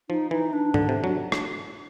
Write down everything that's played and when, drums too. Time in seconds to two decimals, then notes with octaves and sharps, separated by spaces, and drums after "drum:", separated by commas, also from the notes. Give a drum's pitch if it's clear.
0.10 F3 D#4
0.31 E3 D#4
0.53 D4
0.74 D3, drum: tom
0.89 C3
1.04 F#3
1.32 drum: rim click